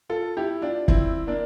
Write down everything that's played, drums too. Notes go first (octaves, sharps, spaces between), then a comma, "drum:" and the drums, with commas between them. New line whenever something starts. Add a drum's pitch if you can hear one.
F4 A4
E4 G4
D4 F4
C4 E4, drum: kick
A#3 D4